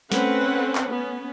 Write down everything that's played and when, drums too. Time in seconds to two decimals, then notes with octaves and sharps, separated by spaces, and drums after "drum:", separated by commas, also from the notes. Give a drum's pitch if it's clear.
0.12 A3 C4 C#4 B4 F#5, drum: snare
0.75 drum: clap
0.88 B3 C#4